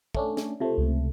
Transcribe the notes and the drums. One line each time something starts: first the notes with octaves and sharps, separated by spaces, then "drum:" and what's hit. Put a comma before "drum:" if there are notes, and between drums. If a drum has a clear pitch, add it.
A3 C#4 D4, drum: kick
drum: snare
C3 A3 F4 C5
C#2